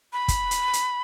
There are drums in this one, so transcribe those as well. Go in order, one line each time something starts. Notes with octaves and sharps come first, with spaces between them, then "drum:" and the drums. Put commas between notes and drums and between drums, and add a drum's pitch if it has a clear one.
B5
drum: kick, hi-hat
drum: hi-hat
drum: hi-hat